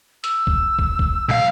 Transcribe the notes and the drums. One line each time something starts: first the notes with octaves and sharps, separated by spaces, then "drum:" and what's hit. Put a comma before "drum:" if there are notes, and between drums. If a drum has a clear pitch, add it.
E6, drum: hi-hat
drum: kick
drum: kick
drum: kick
B1 F5